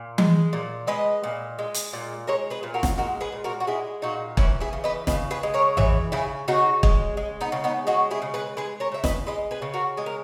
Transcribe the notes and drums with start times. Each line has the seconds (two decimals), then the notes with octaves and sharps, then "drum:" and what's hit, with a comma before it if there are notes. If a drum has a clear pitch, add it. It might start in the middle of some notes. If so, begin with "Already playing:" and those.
Already playing: A#2
0.18 G#3, drum: tom E3
0.53 A#2
0.87 G#3 B4 D#5
1.24 A#2
1.59 G#3
1.74 drum: hi-hat
1.93 A#2
2.27 G#3 A#4 C#5
2.50 G#4 B4
2.63 A#2
2.74 F#4 A#4
2.83 drum: snare
2.97 G#3 F#4 A#4
3.21 G#4 B4
3.32 A#2
3.44 F#4 A#4
3.60 F#4
3.67 G#3 E4 G#4
4.02 A#2 D#4 F#4
4.37 E3 C#4 E4, drum: kick
4.60 E4 G#4
4.73 C#3
4.84 B4 D#5
5.07 C#3 B4 D#5, drum: snare
5.31 G#4 B4
5.43 G#3
5.54 A#4 C#5
5.77 E3 C#5 E5, drum: tom A1
6.12 C#3 E4 G#4
6.48 C#3 D#4 F#4
6.83 G#3, drum: kick
7.17 G#3
7.41 B3 D#4
7.52 C#3
7.64 B3 D#4
7.87 G#3 D#4 F#4
8.11 E4 G#4
8.22 C#3
8.34 G#4 B4
8.57 G#3 G#4 B4
8.80 A#4 C#5
8.92 C#3 E5
9.04 B4 D#5, drum: snare
9.27 G#3 B4 D#5
9.51 G#4 B4
9.62 C#3
9.74 F#4 A#4
9.97 G#3 G#4
10.06 A#4